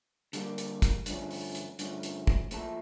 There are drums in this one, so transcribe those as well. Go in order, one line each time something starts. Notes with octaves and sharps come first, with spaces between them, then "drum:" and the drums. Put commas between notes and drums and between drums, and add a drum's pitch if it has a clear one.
D3 G3 A#3, drum: hi-hat
drum: hi-hat
drum: kick, hi-hat
G2 D3 F3 A3 C#4, drum: hi-hat
drum: open hi-hat
drum: hi-hat
G2 D3 F3 A3 C#4, drum: hi-hat
drum: hi-hat
drum: kick
A#2 F3 A3 E4 A4, drum: hi-hat